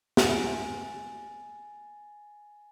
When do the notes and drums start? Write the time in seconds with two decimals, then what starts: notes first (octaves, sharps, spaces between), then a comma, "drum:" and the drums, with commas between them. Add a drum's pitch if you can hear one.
0.17 G#5 A6, drum: snare